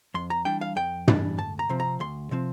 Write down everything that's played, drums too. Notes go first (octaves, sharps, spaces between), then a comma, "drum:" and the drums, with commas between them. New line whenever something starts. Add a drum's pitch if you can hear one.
F2 C6
A#5
E3 G3 D4 G5
F5
F2 G5
E3 G3 D4, drum: tom
D2 A5
A#5
C3 F3 C4
A#5
D2 C6
C3 F3 C4